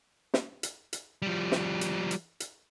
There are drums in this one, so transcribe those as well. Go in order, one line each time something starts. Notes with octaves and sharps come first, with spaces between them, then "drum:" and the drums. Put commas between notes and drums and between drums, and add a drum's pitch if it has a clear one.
drum: snare
drum: hi-hat
drum: hi-hat
F3 G3
drum: snare
drum: hi-hat
drum: hi-hat
drum: hi-hat